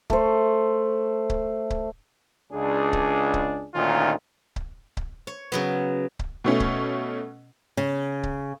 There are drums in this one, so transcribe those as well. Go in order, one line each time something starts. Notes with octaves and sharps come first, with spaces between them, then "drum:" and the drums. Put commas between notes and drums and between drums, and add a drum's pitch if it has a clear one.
A3 C5, drum: kick C#1
drum: kick C#1
drum: kick C#1
C#2 D4 G#4
drum: kick C#1
drum: kick C#1
D2 A#2 D#3 C#4 D#4 F4
drum: kick C#1
drum: kick C#1
C#5
C#3 F#3 B3
drum: kick C#1
B2 A3 C#4
drum: kick C#1
C#3
drum: kick C#1